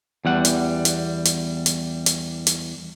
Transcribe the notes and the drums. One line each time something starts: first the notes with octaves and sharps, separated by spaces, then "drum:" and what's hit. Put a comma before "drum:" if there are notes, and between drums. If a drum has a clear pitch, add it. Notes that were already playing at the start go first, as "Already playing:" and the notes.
E2 G3 F#5
drum: hi-hat
drum: hi-hat
drum: hi-hat
drum: hi-hat
drum: hi-hat
drum: hi-hat